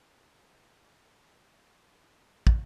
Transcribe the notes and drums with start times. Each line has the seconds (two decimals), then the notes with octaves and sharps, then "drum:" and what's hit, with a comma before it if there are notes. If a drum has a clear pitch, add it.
0.12 G#2
0.41 F2
0.66 E2
0.71 F2
0.93 G#2
1.09 E3
1.15 D3
1.37 D3
1.59 F3
2.47 drum: kick